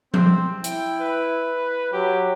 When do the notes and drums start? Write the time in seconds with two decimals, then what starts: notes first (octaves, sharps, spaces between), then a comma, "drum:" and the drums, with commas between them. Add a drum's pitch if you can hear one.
0.14 C4, drum: tom F3
0.64 E4 G5, drum: hi-hat
1.00 B4
1.93 F#3 G4